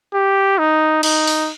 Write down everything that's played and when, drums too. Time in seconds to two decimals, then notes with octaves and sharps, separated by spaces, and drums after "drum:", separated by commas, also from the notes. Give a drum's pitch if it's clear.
0.14 G4
0.58 D#4
1.03 D#4, drum: cymbal
1.27 drum: open hi-hat